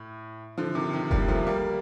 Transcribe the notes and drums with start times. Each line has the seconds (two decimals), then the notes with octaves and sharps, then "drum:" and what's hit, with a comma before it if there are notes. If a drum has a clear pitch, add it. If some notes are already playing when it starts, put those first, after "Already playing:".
Already playing: A2
0.58 D3 F3
0.75 C3 D#3
0.93 C3 D#3
1.11 G3 A#3, drum: kick F1
1.28 F3 A3
1.47 G3 A#3